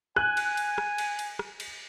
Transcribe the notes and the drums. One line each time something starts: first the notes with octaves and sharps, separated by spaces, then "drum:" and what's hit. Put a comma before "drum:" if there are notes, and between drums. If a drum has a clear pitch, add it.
G#5 F#6, drum: rim click
drum: cymbal
drum: cymbal
drum: rim click
drum: cymbal
drum: cymbal
drum: rim click
drum: cymbal